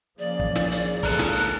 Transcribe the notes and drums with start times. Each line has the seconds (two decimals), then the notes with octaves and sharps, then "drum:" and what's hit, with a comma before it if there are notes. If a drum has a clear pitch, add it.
0.19 C#3 F3 A#3 G#4 D5
0.40 drum: kick
0.55 drum: snare
0.71 drum: hi-hat
1.03 C#2 A4 A#4 F#6, drum: kick, open hi-hat
1.19 drum: snare
1.35 drum: hi-hat